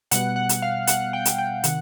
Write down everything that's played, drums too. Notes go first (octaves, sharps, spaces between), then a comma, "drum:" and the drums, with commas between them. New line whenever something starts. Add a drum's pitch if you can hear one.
B2 G3 B3 F#5, drum: hi-hat
F#5
drum: hi-hat
F5
F#5, drum: hi-hat
G5
drum: hi-hat
G5
C3 D#3 F#5, drum: hi-hat